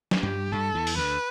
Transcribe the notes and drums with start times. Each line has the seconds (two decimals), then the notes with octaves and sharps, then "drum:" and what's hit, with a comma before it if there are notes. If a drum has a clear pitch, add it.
0.11 drum: snare
0.23 G2 G3 G4
0.52 G2 G3 A4
0.75 E2 E3
0.87 drum: open hi-hat
0.97 D2 D3 B4